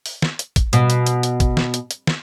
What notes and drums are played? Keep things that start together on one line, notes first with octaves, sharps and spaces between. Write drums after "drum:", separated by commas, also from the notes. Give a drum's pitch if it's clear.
drum: open hi-hat
drum: snare
drum: hi-hat
drum: kick A1, hi-hat
B2, drum: hi-hat
drum: hi-hat
drum: hi-hat
drum: hi-hat
drum: kick A1, hi-hat
drum: snare
drum: hi-hat
drum: hi-hat
drum: snare